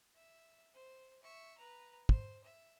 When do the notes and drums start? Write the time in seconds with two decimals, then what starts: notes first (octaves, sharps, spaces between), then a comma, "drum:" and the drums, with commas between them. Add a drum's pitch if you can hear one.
0.15 E5
0.73 C5
1.22 E5 C#6
1.57 B4 A#5
2.09 C5, drum: kick
2.43 E5